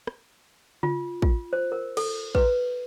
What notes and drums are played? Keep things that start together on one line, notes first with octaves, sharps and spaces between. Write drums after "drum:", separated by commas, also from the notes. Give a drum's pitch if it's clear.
drum: rim click
F4, drum: tom C#3
F4, drum: kick
C5
A#4
A4, drum: cymbal
B4, drum: kick